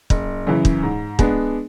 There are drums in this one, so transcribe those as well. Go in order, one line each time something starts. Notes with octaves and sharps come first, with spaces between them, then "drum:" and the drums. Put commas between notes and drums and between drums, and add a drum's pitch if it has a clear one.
F#1, drum: kick
F#2 C#3 E3
drum: kick
G#2
G#3 B3 D4, drum: kick